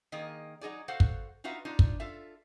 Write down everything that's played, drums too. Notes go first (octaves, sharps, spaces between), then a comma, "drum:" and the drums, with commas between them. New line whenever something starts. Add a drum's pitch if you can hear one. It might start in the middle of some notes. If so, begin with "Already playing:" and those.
D#3 A#3 G#4 D#5
F#3 D#4 G#4 D5
F#4 A4 C5 F5 F#5
drum: kick
D#4 F4 F#4 B4 E5
D4 D#4 F4
drum: kick
F4 A4 E5